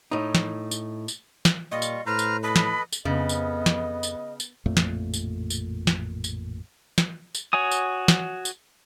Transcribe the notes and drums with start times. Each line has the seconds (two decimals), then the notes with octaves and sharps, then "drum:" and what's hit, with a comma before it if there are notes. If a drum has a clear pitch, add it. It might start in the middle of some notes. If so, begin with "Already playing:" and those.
0.11 A2 D#4
0.35 drum: snare
0.71 drum: tambourine
1.08 drum: tambourine
1.45 drum: snare
1.72 A#2 G3 F4 D#5 C#6
1.82 drum: tambourine
2.06 A2 B4 C5 A#5 F6
2.19 drum: tambourine
2.43 A4 B4 D#5 B5
2.56 drum: snare
2.92 drum: tambourine
3.05 F2 C#3 B3 D#5
3.29 drum: tambourine
3.66 drum: snare
4.03 drum: tambourine
4.40 drum: tambourine
4.66 A1 F2 A#2 A3
4.77 drum: snare
5.14 drum: tambourine
5.50 drum: tambourine
5.87 drum: snare
6.24 drum: tambourine
6.98 drum: snare
7.35 drum: tambourine
7.53 F#4 C#5 G#5 D#6
7.71 drum: tambourine
8.08 drum: snare
8.45 drum: tambourine